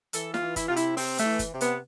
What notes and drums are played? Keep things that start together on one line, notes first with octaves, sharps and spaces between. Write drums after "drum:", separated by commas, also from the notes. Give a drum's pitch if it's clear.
E3 A4, drum: hi-hat
F4, drum: snare
E3
E4, drum: kick F#1, hi-hat
C3 F4
E4, drum: hi-hat
C3 C4, drum: open hi-hat
A3, drum: hi-hat
E3
drum: kick F#1, hi-hat
C3
B3, drum: hi-hat